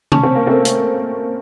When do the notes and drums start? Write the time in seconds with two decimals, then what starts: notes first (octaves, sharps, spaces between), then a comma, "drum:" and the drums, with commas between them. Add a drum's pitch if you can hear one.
0.12 C#4 A5, drum: tom C3
0.23 C4
0.35 A#3
0.46 A3 C4 A#4
0.65 drum: hi-hat